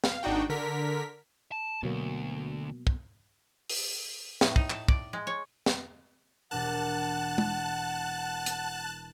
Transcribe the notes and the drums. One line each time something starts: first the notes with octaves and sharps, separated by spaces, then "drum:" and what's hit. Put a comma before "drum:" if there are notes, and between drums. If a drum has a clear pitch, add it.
F5, drum: snare
G#1 D4 D#4 F#4 G5
D3 A#4 B6
A5
D2 B2 F#3 A#3
drum: kick
drum: open hi-hat
A2, drum: snare
D#4, drum: kick
A5, drum: clap
D5, drum: kick
G#3
C#5
drum: snare
E1 D4 A#4 F#5 A5 F#6
drum: tom G#3
drum: hi-hat